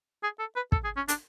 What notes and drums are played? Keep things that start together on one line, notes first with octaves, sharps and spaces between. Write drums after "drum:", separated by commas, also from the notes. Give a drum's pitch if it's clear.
G#4
A4
B4
A4, drum: kick
G#4
C#4
D4, drum: hi-hat